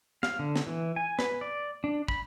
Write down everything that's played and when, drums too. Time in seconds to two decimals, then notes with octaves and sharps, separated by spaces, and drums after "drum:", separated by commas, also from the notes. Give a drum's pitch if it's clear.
0.23 F5, drum: snare
0.39 D3
0.56 drum: snare
0.67 E3
0.96 G#5
1.19 B4, drum: snare
1.41 D5
1.84 D4
2.08 B5, drum: kick